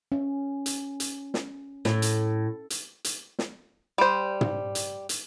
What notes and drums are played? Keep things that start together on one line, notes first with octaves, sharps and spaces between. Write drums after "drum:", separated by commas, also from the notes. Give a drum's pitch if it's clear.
C#4
drum: hi-hat
drum: hi-hat
drum: snare
A2, drum: snare
drum: hi-hat
drum: hi-hat
drum: hi-hat
drum: snare
G3 C5
drum: tom
drum: hi-hat
drum: hi-hat